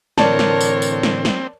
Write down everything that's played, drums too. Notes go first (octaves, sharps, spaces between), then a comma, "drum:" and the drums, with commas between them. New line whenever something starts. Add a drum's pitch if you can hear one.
A2 D3 E3 C4 A#4 C#5 D5 A5, drum: snare
drum: snare
drum: tambourine
drum: tambourine
drum: snare
drum: snare